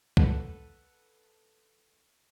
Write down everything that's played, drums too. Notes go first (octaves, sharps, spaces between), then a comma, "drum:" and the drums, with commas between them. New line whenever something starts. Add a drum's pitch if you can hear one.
A4 B4 F#5 A5, drum: kick